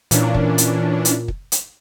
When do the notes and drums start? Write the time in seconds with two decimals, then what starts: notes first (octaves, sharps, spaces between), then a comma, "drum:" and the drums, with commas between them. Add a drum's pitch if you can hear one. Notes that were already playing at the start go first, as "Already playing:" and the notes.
0.11 A#2 E3 C#4 D4, drum: hi-hat
0.34 drum: kick
0.58 drum: hi-hat
1.05 drum: hi-hat
1.28 drum: kick
1.52 drum: hi-hat